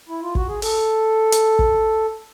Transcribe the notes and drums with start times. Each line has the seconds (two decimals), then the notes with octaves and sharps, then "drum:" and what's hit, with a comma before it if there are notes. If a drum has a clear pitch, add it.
0.08 E4
0.22 F4
0.35 F#4, drum: kick
0.48 G#4
0.62 A4, drum: open hi-hat
1.32 drum: hi-hat
1.59 drum: kick